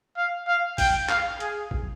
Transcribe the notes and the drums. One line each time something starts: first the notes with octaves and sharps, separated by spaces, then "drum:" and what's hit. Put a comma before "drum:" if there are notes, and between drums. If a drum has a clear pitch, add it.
F5
F5
G5, drum: kick A1, open hi-hat
F5, drum: clap
G#4, drum: hi-hat
drum: kick A1